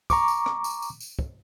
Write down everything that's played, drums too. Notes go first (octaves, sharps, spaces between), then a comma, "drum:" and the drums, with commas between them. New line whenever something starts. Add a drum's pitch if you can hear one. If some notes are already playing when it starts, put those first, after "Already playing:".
A#5 C#6 D6, drum: kick, tambourine
drum: tambourine
drum: rim click
drum: tambourine
drum: tambourine
drum: tambourine
drum: kick